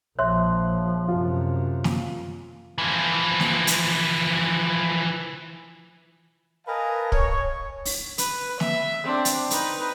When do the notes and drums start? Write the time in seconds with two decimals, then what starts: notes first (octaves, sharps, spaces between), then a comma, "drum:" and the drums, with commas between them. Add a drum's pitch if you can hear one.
0.19 A#1 F3 C#5 E5 C6 F#6
1.08 F#2 C3 F4
1.84 drum: snare
2.78 E3 F3
3.40 drum: snare
3.67 drum: hi-hat
6.67 A#4 B4 D#5 F5 G#5 A5
7.12 C#5, drum: kick
7.85 drum: open hi-hat
8.18 B4, drum: hi-hat
8.60 E5, drum: snare
9.04 C4 D4
9.25 drum: hi-hat
9.51 D#4 B4, drum: hi-hat